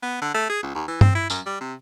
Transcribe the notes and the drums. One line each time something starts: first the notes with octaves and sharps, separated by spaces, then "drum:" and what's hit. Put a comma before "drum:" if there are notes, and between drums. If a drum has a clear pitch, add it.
B3
D3
A3
G#4
C#2
D#2
E3
C4, drum: tom G2
E4
F#2, drum: tambourine
G3
C3